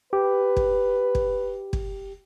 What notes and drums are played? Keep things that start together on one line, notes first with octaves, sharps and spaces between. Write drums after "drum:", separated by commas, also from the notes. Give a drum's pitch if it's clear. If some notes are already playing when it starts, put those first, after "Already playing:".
G4 B4
drum: kick
drum: kick
drum: kick